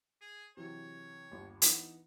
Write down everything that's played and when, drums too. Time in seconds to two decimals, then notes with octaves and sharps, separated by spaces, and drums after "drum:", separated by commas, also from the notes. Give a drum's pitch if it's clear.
0.21 G#4
0.57 C3 E3 F#3 C#5
1.31 G1 D#2
1.62 E3 B3 D#4, drum: hi-hat